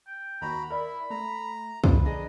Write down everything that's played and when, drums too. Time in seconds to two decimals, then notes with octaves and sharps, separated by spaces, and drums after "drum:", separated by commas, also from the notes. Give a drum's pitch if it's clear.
0.07 G5
0.42 D#2 D#3 F#4 A#5 B5
0.70 E4 A#4 D5 B5
1.10 A3 A#5
1.84 D3 F3 B4, drum: kick
2.05 D4 G#4 D#5 A#5